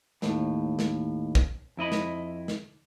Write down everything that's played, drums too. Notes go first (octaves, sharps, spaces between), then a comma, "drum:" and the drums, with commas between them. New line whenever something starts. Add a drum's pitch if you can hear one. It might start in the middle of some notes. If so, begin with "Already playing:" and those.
D#2 A2, drum: snare
drum: snare
drum: kick
F2 E4 D#5 B5
drum: snare
drum: snare